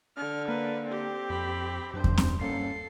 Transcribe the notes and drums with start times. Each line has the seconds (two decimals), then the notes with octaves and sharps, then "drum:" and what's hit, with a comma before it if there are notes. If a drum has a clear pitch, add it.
0.17 D3 F6
0.48 A#3 B4
0.86 C4 G4
1.30 F2 B5
1.94 F#2 D4 C5
2.04 drum: kick E2
2.18 drum: snare C4
2.40 G2 A#3 C#4 A4 C7